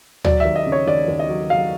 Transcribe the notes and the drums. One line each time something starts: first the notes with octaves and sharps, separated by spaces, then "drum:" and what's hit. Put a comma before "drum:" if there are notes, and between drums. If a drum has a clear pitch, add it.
F#3 D5, drum: tom
D#2 E5
D#5
C#3
C#5
D#2 D5
D#2
D#5
F#3
F#3 F5